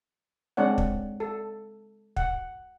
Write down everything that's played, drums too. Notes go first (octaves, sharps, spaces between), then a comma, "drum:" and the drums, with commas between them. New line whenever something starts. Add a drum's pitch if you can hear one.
G#3 C4 D4 C#5 F#5
drum: kick
A4
F#5, drum: kick